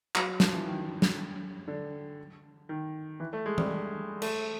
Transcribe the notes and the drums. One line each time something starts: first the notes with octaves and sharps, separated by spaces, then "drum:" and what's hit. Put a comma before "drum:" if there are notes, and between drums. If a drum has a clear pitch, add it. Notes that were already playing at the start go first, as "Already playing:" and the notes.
F#3, drum: clap
F#3
F3, drum: snare
E3
D#3
drum: snare
D3
D#3
E3
A3
G#3
G3, drum: tom E3
A3, drum: cymbal